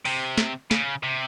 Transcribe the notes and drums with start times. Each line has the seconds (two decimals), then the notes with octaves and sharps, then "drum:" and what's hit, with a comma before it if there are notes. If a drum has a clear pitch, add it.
0.05 C3, drum: open hi-hat
0.38 drum: snare
0.71 C#3, drum: snare
1.03 C3